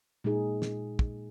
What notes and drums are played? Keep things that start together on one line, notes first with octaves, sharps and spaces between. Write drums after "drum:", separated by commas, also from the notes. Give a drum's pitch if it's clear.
A#2 G#3 D#4 G#4
drum: snare
drum: kick